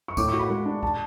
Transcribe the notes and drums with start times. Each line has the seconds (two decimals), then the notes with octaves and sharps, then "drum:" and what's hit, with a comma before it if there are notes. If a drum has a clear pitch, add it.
0.08 C#6
0.17 A2 D6, drum: kick C#2, tambourine
0.28 F#4 C#6
0.39 B5
0.49 G#3
0.66 D4
0.83 A5, drum: kick C#2